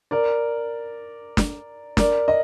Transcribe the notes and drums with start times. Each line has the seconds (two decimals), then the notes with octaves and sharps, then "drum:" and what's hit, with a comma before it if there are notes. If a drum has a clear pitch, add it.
0.11 A#4 D5
1.37 drum: snare
1.97 A#4 D5, drum: snare
2.28 D#5